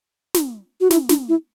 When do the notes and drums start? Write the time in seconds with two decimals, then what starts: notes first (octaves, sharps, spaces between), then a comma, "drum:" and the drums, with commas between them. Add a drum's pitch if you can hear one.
0.34 drum: snare
0.81 F#4
0.91 E4, drum: snare
1.09 D4, drum: snare
1.29 E4